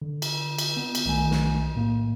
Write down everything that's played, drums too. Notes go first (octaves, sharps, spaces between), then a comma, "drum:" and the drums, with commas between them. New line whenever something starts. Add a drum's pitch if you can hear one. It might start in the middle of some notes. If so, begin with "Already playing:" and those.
D3
drum: cymbal
drum: cymbal
B3
drum: cymbal
B1 D#3 A3 G#5
drum: snare
A2 A#3